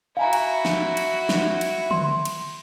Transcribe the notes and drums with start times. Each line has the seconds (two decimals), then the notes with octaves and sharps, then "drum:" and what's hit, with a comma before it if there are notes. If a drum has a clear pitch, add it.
0.17 E4 F#4 F5 G#5 A#5
0.33 drum: cymbal
0.65 drum: snare
0.97 drum: cymbal
1.29 drum: snare
1.61 drum: cymbal
1.91 C6, drum: tom
2.25 drum: cymbal